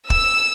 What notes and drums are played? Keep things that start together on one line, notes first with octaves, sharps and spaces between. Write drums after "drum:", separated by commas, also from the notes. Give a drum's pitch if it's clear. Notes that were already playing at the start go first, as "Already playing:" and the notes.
E6, drum: kick